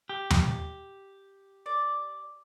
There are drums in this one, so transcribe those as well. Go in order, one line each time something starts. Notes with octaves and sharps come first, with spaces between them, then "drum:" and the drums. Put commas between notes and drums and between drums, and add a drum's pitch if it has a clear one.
G4
drum: tom D#2
D5